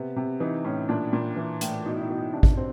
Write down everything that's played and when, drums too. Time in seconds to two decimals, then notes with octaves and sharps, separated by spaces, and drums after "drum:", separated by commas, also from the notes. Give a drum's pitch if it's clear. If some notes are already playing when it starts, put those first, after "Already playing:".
Already playing: C3 B3
0.16 C3
0.40 E3 D#4
0.64 A2 C#4
0.89 A#2 D4
1.13 A#2
1.36 E3
1.61 A2, drum: hi-hat
1.85 B2 D#4
1.96 E4
2.01 D#4
2.09 B2
2.18 D#4
2.33 C3 D4
2.43 drum: kick
2.57 C4